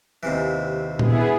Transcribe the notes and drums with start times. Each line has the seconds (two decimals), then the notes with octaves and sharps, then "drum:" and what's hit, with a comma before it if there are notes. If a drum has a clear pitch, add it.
0.23 D#2 C3 E3
0.99 B3 E4 G#4, drum: tom A#2